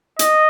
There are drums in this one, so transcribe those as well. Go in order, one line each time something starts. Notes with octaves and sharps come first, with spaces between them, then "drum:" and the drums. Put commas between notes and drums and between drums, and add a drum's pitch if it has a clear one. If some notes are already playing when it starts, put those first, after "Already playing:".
D#5, drum: hi-hat